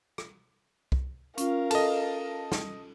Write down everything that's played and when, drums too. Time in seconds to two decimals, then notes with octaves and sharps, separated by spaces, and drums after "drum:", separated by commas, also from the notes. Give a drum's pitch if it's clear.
0.18 drum: rim click
0.92 drum: kick C2
1.38 C#4 F4 A#4 F5, drum: hi-hat
1.71 A4 D#5 A5, drum: cymbal
2.52 drum: snare